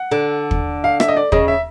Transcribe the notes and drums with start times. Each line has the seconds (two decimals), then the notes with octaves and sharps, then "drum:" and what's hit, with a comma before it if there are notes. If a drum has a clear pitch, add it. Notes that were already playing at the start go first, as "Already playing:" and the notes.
Already playing: F#5
0.11 D3
0.51 drum: kick
0.84 F5
1.00 E5, drum: rim click
1.08 D#5
1.16 D5
1.32 C#3 D#5, drum: kick
1.48 E5